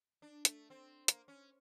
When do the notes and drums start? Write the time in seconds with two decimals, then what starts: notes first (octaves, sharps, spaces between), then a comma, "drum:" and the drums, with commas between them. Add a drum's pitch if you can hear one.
0.22 D4
0.45 A3, drum: hi-hat
0.70 C4
1.08 A#3, drum: hi-hat
1.28 C#4